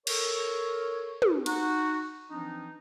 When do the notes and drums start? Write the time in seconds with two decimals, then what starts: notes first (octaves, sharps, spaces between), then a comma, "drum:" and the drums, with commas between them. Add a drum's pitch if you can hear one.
0.07 A4 A#4 C#5, drum: cymbal
1.22 drum: tom
1.46 D#4 F#4, drum: cymbal
2.31 E3 F3 C4 D4 D#4